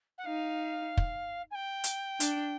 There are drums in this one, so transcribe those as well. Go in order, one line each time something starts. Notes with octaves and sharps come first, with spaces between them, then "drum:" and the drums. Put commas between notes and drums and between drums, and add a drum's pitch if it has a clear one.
F#5
D#4 F5
drum: kick
G#5
G5
drum: hi-hat
D4, drum: hi-hat